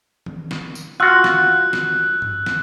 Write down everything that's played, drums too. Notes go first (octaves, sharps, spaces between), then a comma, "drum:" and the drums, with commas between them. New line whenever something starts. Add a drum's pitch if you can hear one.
drum: tom D#3
drum: snare
drum: tambourine
F4 F#4 E6 F#6
drum: snare
drum: snare
drum: tom G2
drum: snare